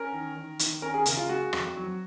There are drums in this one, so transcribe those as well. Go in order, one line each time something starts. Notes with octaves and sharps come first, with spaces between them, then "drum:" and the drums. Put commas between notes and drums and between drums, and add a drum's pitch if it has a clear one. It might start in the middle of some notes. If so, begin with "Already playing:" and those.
Already playing: C#4 A#4
D#3
D#3
D#3, drum: hi-hat
C#4 A#4
G#4
C#3 A#4, drum: hi-hat
F4
G#3 F#4
F2, drum: rim click
F#3